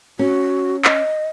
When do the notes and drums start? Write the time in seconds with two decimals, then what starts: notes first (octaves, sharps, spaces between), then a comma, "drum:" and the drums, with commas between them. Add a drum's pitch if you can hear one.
0.19 C#4 F#4
0.85 D#5, drum: clap